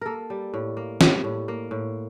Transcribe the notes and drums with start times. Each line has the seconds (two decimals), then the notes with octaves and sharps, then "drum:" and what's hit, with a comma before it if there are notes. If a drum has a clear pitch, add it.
0.01 A#3 A4 A#4
0.30 G3
0.54 A2
0.77 A#3
1.01 G3, drum: snare
1.24 A2
1.48 A#3
1.71 A2